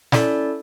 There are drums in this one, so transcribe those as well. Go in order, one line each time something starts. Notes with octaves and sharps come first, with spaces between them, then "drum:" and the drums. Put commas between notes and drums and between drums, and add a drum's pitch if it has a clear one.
C#4 E4 A4 D5, drum: snare